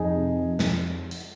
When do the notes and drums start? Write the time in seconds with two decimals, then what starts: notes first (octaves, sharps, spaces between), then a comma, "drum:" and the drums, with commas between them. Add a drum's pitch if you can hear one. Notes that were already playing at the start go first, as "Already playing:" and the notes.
Already playing: F2 D#4 G#4
0.14 C3
0.37 F3
0.59 F2, drum: snare
1.11 drum: hi-hat